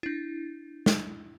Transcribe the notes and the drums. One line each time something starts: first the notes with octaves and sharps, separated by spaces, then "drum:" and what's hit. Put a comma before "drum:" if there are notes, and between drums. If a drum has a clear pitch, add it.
D4 E4
drum: snare